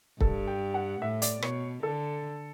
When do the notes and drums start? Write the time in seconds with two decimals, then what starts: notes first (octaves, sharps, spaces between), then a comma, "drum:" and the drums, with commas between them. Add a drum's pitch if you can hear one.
0.21 G2 A4, drum: kick
0.48 G5
0.74 F#5
1.02 A2 E5
1.22 D5, drum: hi-hat
1.42 B2 C#5, drum: rim click
1.83 D3 A4